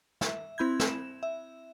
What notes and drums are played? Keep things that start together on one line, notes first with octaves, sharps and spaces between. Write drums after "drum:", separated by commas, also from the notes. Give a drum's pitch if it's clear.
E5, drum: snare
C4 E4 B5 G6 G#6
E7, drum: snare
E5